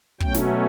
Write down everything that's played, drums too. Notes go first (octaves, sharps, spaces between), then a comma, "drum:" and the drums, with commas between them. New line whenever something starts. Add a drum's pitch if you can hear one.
B2 F#3 A3 C#4 G5, drum: kick
drum: snare